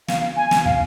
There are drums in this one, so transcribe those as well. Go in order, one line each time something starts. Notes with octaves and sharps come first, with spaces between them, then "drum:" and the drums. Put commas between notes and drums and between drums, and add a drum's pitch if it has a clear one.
F5, drum: snare
G#5
drum: snare
F5, drum: kick